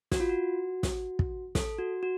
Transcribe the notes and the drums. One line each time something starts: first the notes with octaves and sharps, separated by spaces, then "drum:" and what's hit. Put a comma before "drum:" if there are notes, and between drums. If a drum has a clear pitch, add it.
F#4, drum: snare
F4
F#4
drum: snare
drum: kick
A4, drum: snare
F#4
F#4